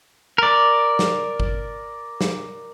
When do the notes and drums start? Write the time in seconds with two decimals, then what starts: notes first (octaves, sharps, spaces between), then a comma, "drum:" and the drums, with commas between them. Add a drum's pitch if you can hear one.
0.38 A#4 D5
0.99 drum: snare
1.40 drum: kick G1
2.21 drum: snare